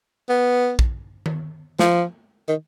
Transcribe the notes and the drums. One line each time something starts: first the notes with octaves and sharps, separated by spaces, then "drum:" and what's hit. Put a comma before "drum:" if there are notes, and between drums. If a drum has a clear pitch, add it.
B3
drum: kick A#1
drum: tom D#3
F3, drum: snare
D#3